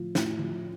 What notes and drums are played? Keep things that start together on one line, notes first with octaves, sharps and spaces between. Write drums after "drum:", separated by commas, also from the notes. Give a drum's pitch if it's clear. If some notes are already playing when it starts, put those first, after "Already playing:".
Already playing: A2 F3
A2, drum: snare
F3